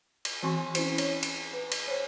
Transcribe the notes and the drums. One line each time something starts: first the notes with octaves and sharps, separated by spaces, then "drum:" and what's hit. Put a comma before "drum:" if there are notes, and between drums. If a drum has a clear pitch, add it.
drum: cymbal
E3 C4 F#4 G#5 C6 C#6
C#4 E4 C5, drum: cymbal
C#5, drum: cymbal
drum: cymbal
B4
drum: cymbal
C5 C#5